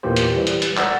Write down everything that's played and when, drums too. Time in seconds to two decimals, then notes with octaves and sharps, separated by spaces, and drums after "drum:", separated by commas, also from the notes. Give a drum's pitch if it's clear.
0.03 E2 A#2 E3 A#3 G4 C5
0.16 drum: hi-hat
0.35 E3 G3
0.47 drum: hi-hat
0.62 drum: hi-hat
0.77 D5 F#5 A#5 E6, drum: clap